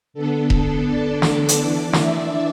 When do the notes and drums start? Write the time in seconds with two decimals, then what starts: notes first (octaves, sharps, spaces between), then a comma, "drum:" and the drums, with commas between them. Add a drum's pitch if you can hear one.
0.14 D3 B3 D4 A4
0.50 A4, drum: kick E1
0.86 D5
1.22 drum: snare
1.49 drum: hi-hat
1.58 E3 D4
1.93 E5, drum: snare